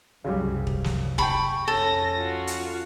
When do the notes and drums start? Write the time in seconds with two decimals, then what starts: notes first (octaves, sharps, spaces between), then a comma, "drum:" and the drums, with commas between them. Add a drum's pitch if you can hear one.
0.24 C2 F#2 C#3 F#3 G3
0.67 drum: kick
0.84 drum: snare
1.18 G5 A5 B5 C#6, drum: kick
1.68 F2 C#4 A4 A#6
2.18 F4 F#4
2.47 drum: hi-hat